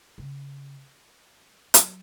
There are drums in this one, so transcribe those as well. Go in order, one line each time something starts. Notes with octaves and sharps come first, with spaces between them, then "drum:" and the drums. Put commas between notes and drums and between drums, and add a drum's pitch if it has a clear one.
C#3
F#3, drum: hi-hat